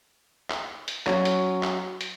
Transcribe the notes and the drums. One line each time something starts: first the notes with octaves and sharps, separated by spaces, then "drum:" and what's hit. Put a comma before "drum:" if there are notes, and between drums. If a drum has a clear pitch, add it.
drum: clap
drum: hi-hat
F#3 C#4, drum: clap
drum: hi-hat
drum: clap
drum: hi-hat